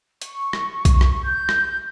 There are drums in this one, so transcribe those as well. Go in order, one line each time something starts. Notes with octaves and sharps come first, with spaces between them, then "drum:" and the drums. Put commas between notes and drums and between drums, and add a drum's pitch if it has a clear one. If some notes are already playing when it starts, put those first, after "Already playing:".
C#6, drum: hi-hat
drum: rim click
drum: kick B1, hi-hat
drum: rim click
G6
drum: rim click